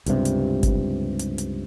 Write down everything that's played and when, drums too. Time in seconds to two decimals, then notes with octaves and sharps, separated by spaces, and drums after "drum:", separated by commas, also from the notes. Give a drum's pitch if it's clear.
0.06 C#2 G2 C3, drum: hi-hat
0.25 drum: hi-hat
0.63 drum: kick G1, hi-hat
1.19 drum: hi-hat
1.38 drum: hi-hat